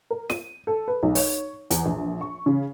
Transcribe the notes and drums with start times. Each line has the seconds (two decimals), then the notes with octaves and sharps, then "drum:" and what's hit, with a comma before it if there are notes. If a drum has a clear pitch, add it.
0.10 A#4
0.30 D#7, drum: snare
0.67 A4
0.88 B4
1.03 B1
1.15 C#5, drum: open hi-hat
1.70 E2, drum: hi-hat
1.85 A#1
2.21 C#6
2.46 C#3